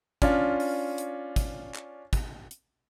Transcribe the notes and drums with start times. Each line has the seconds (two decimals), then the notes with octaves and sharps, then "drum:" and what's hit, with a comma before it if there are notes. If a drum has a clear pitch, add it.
0.22 C#4 D4 F4, drum: kick, hi-hat
0.60 drum: open hi-hat
0.98 drum: hi-hat
1.36 drum: kick, hi-hat
1.75 drum: clap
2.13 drum: kick, hi-hat
2.51 drum: hi-hat